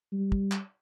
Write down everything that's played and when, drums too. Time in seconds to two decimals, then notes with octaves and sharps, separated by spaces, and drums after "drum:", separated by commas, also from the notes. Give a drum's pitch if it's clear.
0.12 G3
0.32 drum: kick
0.52 drum: clap